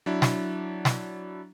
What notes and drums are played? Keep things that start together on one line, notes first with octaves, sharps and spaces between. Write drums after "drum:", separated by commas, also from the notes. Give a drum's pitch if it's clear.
F#3 D4 E4
drum: snare
drum: snare